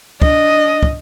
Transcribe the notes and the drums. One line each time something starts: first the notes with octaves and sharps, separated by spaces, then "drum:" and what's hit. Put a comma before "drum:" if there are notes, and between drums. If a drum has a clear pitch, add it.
D4 D#5, drum: kick
drum: kick